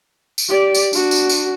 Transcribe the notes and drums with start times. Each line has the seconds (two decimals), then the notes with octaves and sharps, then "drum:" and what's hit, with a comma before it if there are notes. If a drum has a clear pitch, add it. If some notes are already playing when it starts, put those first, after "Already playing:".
0.38 drum: tambourine
0.49 G4 D5
0.75 drum: tambourine
0.93 D4 F#4, drum: tambourine
1.11 drum: tambourine
1.29 drum: tambourine